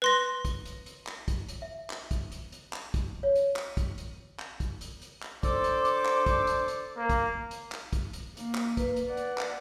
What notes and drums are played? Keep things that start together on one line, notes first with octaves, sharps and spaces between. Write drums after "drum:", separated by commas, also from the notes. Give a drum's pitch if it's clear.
B4 C6 A#6
drum: kick, hi-hat
drum: hi-hat
drum: hi-hat
drum: clap
drum: kick, hi-hat
drum: hi-hat
E5
drum: clap
drum: kick, hi-hat
drum: hi-hat
drum: hi-hat
drum: clap
drum: kick, hi-hat
C#5
drum: hi-hat
drum: clap
drum: kick, hi-hat
drum: hi-hat
drum: clap
drum: kick, hi-hat
drum: hi-hat
drum: hi-hat
drum: clap
D4 A4 C5 D6, drum: kick, hi-hat
drum: hi-hat
drum: hi-hat
drum: clap
drum: kick, hi-hat
drum: hi-hat
drum: hi-hat
A#3
drum: kick, hi-hat
drum: hi-hat
drum: clap
drum: kick, hi-hat
drum: hi-hat
A#3, drum: hi-hat
drum: clap
B4, drum: kick, hi-hat
drum: hi-hat
D5 F#5
drum: hi-hat
drum: clap